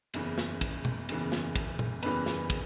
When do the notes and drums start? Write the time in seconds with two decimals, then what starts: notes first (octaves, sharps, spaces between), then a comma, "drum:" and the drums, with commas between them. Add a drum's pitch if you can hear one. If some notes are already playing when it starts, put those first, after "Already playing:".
0.14 F#1 E2 C#3 E3, drum: cymbal
0.38 drum: snare
0.61 drum: kick, cymbal
0.85 drum: tom B2
1.09 F#1 E2 C#3 E3, drum: cymbal
1.32 drum: snare
1.56 drum: kick, cymbal
1.79 drum: tom
2.03 F#1 E2 C#3 E3 G3 B4, drum: cymbal
2.26 drum: snare
2.50 drum: kick, cymbal